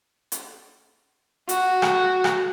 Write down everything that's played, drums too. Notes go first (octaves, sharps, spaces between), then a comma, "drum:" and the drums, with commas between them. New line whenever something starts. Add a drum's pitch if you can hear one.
drum: hi-hat
F#4, drum: hi-hat
drum: rim click
drum: rim click